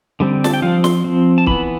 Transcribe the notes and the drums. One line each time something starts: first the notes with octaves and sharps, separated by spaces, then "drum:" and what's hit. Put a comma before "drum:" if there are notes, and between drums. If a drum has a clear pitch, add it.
D3 G3 C4
A5, drum: snare
G5
F3 C4 F5
C6, drum: snare
F3 C4
A5
E3 B3 B5, drum: kick C#1